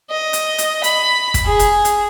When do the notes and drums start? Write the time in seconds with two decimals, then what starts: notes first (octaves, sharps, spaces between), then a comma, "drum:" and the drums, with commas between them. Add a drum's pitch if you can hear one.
0.10 D#5
0.33 drum: hi-hat
0.58 drum: hi-hat
0.84 B5, drum: hi-hat
1.34 drum: kick, hi-hat
1.45 G#4
1.59 drum: hi-hat
1.85 drum: hi-hat